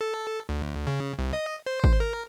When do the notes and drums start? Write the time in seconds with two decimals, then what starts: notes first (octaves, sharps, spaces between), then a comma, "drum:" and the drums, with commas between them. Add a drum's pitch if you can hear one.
0.01 A4
0.49 D2
0.87 C#3
1.19 C2
1.33 D#5
1.66 C5
1.84 drum: kick
2.00 A#4